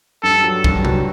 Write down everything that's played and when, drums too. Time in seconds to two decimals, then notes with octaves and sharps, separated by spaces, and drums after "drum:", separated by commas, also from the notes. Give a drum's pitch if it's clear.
0.23 G2 A4
0.44 F#3
0.64 G2, drum: kick A#1
0.85 F#3, drum: tom C3